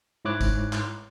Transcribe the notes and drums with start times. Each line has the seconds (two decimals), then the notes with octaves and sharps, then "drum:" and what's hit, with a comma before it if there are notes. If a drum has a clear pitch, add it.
0.25 G#2 E4 C#5 D6 F#6
0.41 drum: kick G1, tambourine
0.73 drum: clap